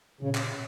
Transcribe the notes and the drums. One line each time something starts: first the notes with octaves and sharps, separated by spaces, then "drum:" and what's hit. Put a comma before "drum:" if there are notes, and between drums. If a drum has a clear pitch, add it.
A#2 C#3
drum: clap